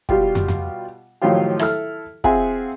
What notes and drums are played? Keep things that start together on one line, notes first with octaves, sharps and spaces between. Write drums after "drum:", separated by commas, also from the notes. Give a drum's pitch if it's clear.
B2 G3 F4 G4, drum: kick
drum: tom
drum: tom
A2 D#3 F3 F#3 F4 G4
E4 A4 F6, drum: rim click
C4 F4 G#4 E5 F#5 G#5, drum: kick